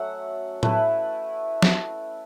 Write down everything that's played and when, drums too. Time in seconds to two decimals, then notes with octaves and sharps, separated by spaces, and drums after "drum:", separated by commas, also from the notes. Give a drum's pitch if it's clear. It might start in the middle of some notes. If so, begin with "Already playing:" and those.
Already playing: F#3 A3 C#4 E5 F#5
0.63 A3 E4 B4, drum: tom A2
1.62 drum: snare